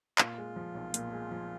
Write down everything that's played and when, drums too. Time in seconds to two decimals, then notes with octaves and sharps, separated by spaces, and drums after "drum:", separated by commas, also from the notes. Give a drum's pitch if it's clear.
0.18 A#2 F4, drum: clap
0.38 G#3
0.56 F3
0.75 B1
0.94 A#2, drum: hi-hat
1.12 G#3
1.31 F3